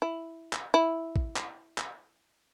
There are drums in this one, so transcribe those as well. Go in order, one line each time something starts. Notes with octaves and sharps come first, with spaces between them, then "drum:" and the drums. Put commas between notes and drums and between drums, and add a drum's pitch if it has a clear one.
E4
drum: clap
E4
drum: kick A1
drum: clap
drum: clap